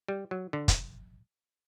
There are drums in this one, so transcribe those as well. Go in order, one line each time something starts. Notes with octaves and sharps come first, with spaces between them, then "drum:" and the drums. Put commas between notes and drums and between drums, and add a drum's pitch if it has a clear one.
G3
F#3
D3
drum: kick, hi-hat